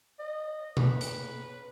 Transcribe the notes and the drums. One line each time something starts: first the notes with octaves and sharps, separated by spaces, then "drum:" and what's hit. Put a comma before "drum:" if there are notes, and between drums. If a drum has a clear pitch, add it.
D#5
B4, drum: tom B2
drum: hi-hat